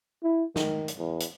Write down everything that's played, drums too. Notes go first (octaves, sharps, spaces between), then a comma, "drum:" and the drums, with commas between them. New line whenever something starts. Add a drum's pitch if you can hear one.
E4
D#3, drum: snare
drum: hi-hat
E2
drum: hi-hat